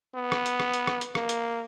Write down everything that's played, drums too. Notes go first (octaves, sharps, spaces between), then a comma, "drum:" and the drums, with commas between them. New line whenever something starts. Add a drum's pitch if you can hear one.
B3
drum: rim click
drum: hi-hat
drum: rim click
drum: hi-hat
drum: rim click
drum: hi-hat
A#3, drum: rim click
drum: hi-hat